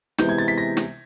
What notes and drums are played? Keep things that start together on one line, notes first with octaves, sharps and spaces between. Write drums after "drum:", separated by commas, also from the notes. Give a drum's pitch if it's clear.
C3 E3 G#3 B3 E4 G6, drum: snare
G#6
A6
B6
A#6
drum: snare